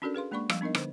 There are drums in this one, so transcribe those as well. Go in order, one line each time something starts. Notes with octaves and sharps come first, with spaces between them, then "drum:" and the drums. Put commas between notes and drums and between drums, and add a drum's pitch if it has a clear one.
C#4 D4 F#4 A4 A#4 D5
G#4 B4 F5 C6
G#3 A#3 D4 D5 B5 C#6
F3 G3 F5, drum: rim click
B3 D4 D#4 A#4 D#5
D3 C5, drum: rim click